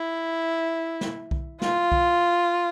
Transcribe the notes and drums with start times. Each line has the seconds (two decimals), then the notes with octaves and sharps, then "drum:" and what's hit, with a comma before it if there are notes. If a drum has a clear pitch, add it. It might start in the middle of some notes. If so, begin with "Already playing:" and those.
Already playing: E4
1.01 drum: snare
1.31 drum: kick B1
1.62 F4, drum: snare
1.92 drum: kick B1